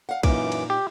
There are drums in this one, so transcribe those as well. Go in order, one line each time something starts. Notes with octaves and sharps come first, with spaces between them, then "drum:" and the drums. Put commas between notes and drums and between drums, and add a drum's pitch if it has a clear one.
F5 F#5
F#2 A#2 E3 D#4 D6, drum: kick, cymbal
drum: cymbal
G4